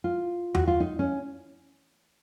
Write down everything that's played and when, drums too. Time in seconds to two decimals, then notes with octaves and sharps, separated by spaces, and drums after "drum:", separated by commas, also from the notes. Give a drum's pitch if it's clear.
0.04 F4
0.55 F#4, drum: tom E2
0.67 F4
0.80 D#4
0.99 C#4